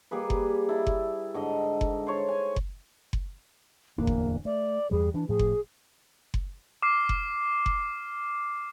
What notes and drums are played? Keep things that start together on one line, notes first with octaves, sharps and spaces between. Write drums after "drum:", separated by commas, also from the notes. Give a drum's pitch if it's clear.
G3 A#3 G#4 B4
drum: kick F#1
E4 A5
drum: kick F#1
G#2 D3 D#5
drum: kick F#1
C5 C#5 A5
G#5
drum: kick F#1
drum: kick F#1
D1 E2 A#3 D4
drum: kick F#1
A3 D5
E2 G2 G3 G#4
E3 D4
A2 F3 G#4
drum: kick F#1
drum: kick F#1
D6 F6 C7
drum: kick F#1
drum: kick F#1